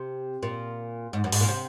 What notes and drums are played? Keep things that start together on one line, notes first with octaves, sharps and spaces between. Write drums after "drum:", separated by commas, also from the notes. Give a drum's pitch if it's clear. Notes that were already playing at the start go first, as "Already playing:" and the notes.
Already playing: C3
A#2
G#2
F#2
G#2, drum: open hi-hat
A#2
C3